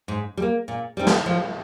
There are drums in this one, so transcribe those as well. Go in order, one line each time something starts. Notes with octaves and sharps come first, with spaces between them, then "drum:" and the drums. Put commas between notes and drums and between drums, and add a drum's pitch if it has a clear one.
G#2
G3
A#3
A#2
G3 C4 D#4
drum: snare
F3